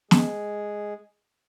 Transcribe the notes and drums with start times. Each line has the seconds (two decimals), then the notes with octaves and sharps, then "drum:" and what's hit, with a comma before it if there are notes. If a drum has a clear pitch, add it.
0.11 G#3 G#4, drum: snare